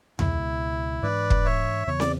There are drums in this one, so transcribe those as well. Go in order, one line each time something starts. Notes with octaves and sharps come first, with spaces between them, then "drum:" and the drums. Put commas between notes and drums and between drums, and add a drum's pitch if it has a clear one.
C#2 B2 G#3 E4, drum: tom E2
G#2 E3 G#3 D4 B4 D5
drum: kick
C#5 E5
E2 C#3 E3 B3 C#5
D5, drum: snare